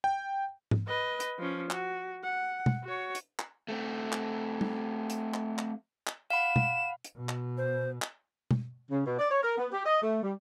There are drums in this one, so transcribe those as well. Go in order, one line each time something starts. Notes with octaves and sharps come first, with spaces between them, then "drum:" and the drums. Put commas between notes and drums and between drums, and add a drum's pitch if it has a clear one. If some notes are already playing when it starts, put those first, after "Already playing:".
G5
drum: tom G#2
B4 D#5
drum: hi-hat
F3 C#4
F#4, drum: clap
F#5
drum: tom
F#4 C#5
drum: hi-hat
drum: clap
A3 C4
drum: clap
drum: tom
drum: hi-hat
drum: clap
drum: clap
drum: clap
F5 F#5 B5 E7
drum: tom
drum: hi-hat
B2
drum: clap
C5
drum: clap
drum: tom
C#3
B2
D5
C#5
A#4
B3
G4
D#5
A3
G3